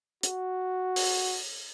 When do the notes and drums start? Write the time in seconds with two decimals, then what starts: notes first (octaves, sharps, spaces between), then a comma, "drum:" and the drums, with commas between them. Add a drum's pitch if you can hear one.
0.23 F#4, drum: hi-hat
0.96 drum: open hi-hat